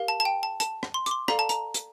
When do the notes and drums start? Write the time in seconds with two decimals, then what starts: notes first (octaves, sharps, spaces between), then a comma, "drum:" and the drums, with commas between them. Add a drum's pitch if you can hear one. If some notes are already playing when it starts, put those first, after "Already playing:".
Already playing: G4 A#4 F5
0.08 A5
0.20 A5
0.25 G5
0.43 A5
0.60 A5, drum: hi-hat
0.83 drum: rim click
0.94 C6
1.06 D6, drum: hi-hat
1.11 C6
1.28 A4 D5 F5 A#5, drum: rim click
1.39 A5
1.49 A#5, drum: hi-hat
1.74 drum: hi-hat